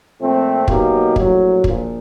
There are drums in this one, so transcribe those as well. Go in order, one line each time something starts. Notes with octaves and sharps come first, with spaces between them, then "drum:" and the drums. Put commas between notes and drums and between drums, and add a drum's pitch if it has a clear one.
A#2 F3 A3 C4
B2 F#3 A#3 D#4 G4, drum: kick
A#1 A2 F#3, drum: kick
A#1 A#2 F3, drum: kick